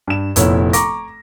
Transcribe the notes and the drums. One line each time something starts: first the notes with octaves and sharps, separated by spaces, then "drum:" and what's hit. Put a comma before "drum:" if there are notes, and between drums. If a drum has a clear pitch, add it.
G2 E7
F1 A#2 F3 B3 E4 C#5, drum: hi-hat
A#5 C#6 D6 A#6, drum: hi-hat